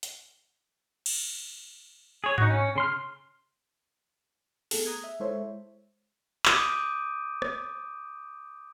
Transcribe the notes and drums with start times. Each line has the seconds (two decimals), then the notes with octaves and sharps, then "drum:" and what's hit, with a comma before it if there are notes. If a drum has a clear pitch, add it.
0.03 drum: hi-hat
1.06 drum: cymbal
2.24 G#4 C#5
2.38 D#4 F#4, drum: tom G#2
2.50 C#4
2.76 C#3 C6 F6
4.71 A3 B3 G#4 A4, drum: open hi-hat
4.86 A#5 D#6 F#6 G#6
5.04 E5
5.20 G#3 E4 A4 C5 C#5 E5
6.46 D6 D#6 G6 D7 D#7, drum: clap
7.42 drum: rim click